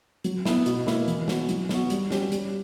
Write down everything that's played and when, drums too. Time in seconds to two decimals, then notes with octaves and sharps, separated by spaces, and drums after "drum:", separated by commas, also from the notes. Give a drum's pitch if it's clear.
0.24 F#3, drum: hi-hat
0.45 B3 E4, drum: snare
0.66 B2, drum: hi-hat
0.87 A#3 E4, drum: snare
1.08 E3, drum: hi-hat
1.28 B3 F#4, drum: snare
1.49 F#3, drum: hi-hat
1.69 B3 F#4, drum: snare
1.90 G3, drum: hi-hat
2.11 C#4 G4, drum: snare
2.32 G3, drum: hi-hat